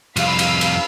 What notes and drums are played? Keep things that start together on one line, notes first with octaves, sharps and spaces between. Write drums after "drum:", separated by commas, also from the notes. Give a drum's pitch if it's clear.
C2 F2 F5 B5 E6, drum: cymbal
drum: cymbal
drum: cymbal